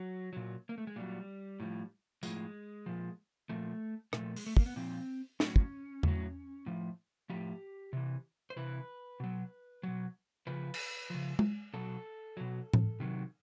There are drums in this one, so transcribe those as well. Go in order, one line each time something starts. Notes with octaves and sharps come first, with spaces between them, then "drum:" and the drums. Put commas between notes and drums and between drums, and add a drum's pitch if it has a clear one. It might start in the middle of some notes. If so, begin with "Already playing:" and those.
Already playing: F#3
A#2 F#3
A#3
A3
G#3
A#2 F#3 G3
A2 F3
A2 F3 G#3, drum: tambourine
A#2 F3
A#2 F3 A3
A#2 F3 A3, drum: rim click
G#3, drum: open hi-hat
A3
A#3, drum: kick
B3
A#2 F3 C4
A2 F#3 C#4, drum: snare
drum: kick
A2 F#3, drum: tom E2
A2 F3
A2 F3 G4
C3 E3
C5
C3 E3 B4
B2 F#3
B2 F#3
C#3 F3 B4
drum: cymbal
C#3 F3
drum: tom G#3
B2 F#3 A4
B2 F#3
drum: tom A2
C3 D#3 F#3